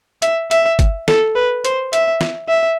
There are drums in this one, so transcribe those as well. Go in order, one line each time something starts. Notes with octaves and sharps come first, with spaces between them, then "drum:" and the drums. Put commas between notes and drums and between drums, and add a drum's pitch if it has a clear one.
E5, drum: hi-hat
E5, drum: hi-hat
drum: kick, hi-hat
A4, drum: snare
B4
C5, drum: hi-hat
E5, drum: hi-hat
drum: snare
E5